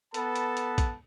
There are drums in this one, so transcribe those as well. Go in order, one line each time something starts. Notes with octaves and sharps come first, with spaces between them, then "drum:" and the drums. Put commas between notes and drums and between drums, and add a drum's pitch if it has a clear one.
B3 A4 B4 A5 B5, drum: hi-hat
drum: hi-hat
drum: hi-hat
drum: kick A#1, hi-hat